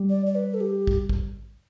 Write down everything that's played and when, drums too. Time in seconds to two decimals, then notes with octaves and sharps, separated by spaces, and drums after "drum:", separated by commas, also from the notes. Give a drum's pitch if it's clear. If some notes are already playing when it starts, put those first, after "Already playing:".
Already playing: G3
0.10 D5
0.26 D5
0.35 B4
0.54 A4
0.60 G4
0.87 drum: kick
1.09 drum: kick